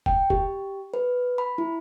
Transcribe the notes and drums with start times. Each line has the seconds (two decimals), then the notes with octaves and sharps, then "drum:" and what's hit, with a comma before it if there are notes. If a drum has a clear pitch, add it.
0.06 G5, drum: kick E1
0.30 G4, drum: kick E1
0.94 B4
1.38 B5
1.58 E4